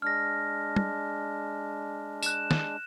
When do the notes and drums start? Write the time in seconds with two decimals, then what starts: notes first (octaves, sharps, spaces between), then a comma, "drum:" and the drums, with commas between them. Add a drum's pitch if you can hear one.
0.02 G#3 D4 F6 A#6
0.76 drum: tom
2.23 F#6 E7, drum: tambourine
2.51 drum: snare